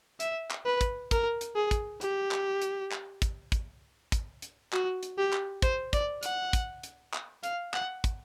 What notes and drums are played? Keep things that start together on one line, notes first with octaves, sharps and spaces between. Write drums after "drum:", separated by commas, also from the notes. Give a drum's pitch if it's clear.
E5, drum: hi-hat
drum: clap
B4
drum: kick, hi-hat
A#4, drum: kick, hi-hat
drum: hi-hat
G#4
drum: kick, hi-hat
G4, drum: hi-hat
drum: clap
drum: hi-hat
drum: clap
drum: kick, hi-hat
drum: kick, hi-hat
drum: kick, hi-hat
drum: hi-hat
F#4, drum: clap
drum: hi-hat
G4
drum: clap
C5, drum: kick, hi-hat
D5, drum: kick, hi-hat
F#5, drum: hi-hat
drum: kick, hi-hat
drum: hi-hat
drum: clap
F5, drum: hi-hat
F#5, drum: clap
drum: kick, hi-hat